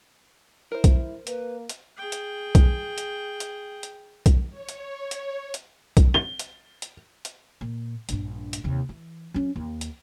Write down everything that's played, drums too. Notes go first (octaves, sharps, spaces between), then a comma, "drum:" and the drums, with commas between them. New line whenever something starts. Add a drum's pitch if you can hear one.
E4 A#4 C5
drum: kick B1, hi-hat
A#3 B4, drum: hi-hat
drum: hi-hat
G#4 G5
drum: hi-hat
drum: kick B1, hi-hat
drum: hi-hat
drum: hi-hat
drum: hi-hat
drum: kick B1, hi-hat
C#5
drum: hi-hat
drum: hi-hat
drum: hi-hat
drum: kick B1, hi-hat
G7
drum: hi-hat
drum: hi-hat
drum: hi-hat
A#2
A#1 G2, drum: hi-hat
drum: hi-hat
D#2 C3
E3
F#3 C#4
D#2
drum: hi-hat